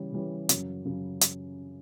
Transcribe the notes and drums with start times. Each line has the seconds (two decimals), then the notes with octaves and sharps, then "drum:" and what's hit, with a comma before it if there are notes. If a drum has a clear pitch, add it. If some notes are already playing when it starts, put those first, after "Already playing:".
Already playing: C#3 E3 G3 C#4
0.12 C#3 E3 G3 C#4
0.49 F#2 C#3 F#3, drum: hi-hat
0.85 F#2 C#3 F#3
1.21 drum: hi-hat